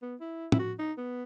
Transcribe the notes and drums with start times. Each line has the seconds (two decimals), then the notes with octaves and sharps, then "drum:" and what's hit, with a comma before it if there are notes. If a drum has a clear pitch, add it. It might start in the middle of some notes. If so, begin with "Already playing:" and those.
0.02 B3
0.21 E4
0.52 E4, drum: tom
0.59 F#4
0.79 D#4
0.97 B3